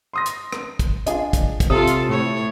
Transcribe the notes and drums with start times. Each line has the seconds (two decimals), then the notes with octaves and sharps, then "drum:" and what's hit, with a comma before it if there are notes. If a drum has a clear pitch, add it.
0.13 C6 D#6 A#6
0.26 drum: hi-hat
0.53 drum: rim click
0.79 drum: kick, hi-hat
1.06 D4 F4 G#4 D#5, drum: hi-hat
1.33 drum: kick, hi-hat
1.60 drum: kick, hi-hat
1.70 C3 F4 A4 D#6
1.87 drum: hi-hat
2.06 A2 C#5